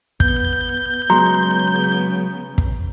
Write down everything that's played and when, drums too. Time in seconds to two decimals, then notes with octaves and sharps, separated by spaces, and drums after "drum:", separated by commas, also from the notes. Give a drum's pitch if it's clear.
0.20 B3 G6, drum: kick
1.10 C#3 F#3 G#3 B3 A#5 C6
2.58 drum: kick